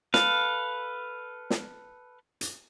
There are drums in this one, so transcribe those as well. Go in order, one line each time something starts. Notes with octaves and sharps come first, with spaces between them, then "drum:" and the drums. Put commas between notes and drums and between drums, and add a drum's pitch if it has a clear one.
A4 B4 F5, drum: snare
drum: snare
drum: hi-hat